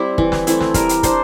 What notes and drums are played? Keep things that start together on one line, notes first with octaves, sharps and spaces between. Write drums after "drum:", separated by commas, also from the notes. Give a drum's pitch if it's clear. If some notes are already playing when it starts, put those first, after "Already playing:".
Already playing: G3 C4 E4
E3, drum: kick
drum: snare
A3 C4 E4, drum: hi-hat
drum: snare
G3 A#4, drum: kick, hi-hat
drum: hi-hat
D4 C5, drum: kick, hi-hat